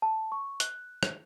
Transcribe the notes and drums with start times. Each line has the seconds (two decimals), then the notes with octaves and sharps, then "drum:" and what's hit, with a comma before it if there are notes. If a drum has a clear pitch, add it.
0.02 A5
0.32 C#6
0.60 F#6, drum: hi-hat
1.03 drum: rim click